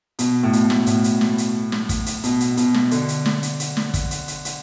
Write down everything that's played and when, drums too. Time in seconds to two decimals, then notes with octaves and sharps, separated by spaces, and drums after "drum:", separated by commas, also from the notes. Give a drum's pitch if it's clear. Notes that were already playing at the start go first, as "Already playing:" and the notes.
0.19 B2, drum: hi-hat
0.43 A2
0.53 B2, drum: hi-hat
0.70 drum: snare
0.86 A2, drum: hi-hat
1.04 drum: hi-hat
1.21 drum: snare
1.38 drum: hi-hat
1.72 drum: snare
1.89 drum: kick, hi-hat
2.06 drum: hi-hat
2.24 B2, drum: hi-hat
2.40 drum: hi-hat
2.57 B2, drum: hi-hat
2.74 drum: snare
2.91 D3, drum: hi-hat
3.08 drum: hi-hat
3.26 drum: snare
3.43 drum: hi-hat
3.60 drum: hi-hat
3.77 drum: snare
3.94 drum: kick, hi-hat
4.11 drum: hi-hat
4.28 drum: hi-hat
4.45 drum: hi-hat